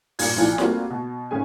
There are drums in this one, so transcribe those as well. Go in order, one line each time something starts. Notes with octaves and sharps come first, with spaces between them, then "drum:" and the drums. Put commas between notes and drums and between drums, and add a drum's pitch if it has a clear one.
G2 A#2 F4 G#6, drum: open hi-hat
B1 E3 F3 D5
G3 A3 A#3 C4 F4 F#4, drum: snare
B2
G#1 C#4 G#4 G#5